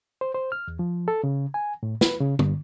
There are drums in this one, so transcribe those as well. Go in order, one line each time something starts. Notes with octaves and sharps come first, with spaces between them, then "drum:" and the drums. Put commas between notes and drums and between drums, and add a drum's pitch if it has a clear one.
C5
C5
F6
E2
F3
A4
C#3
G#5
A2
B4, drum: snare
C#3
G2, drum: tom D3